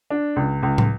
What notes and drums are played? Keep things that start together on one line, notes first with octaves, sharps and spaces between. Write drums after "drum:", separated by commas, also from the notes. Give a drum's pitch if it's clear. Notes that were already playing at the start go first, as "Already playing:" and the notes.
D4
C#2
C#2
drum: tom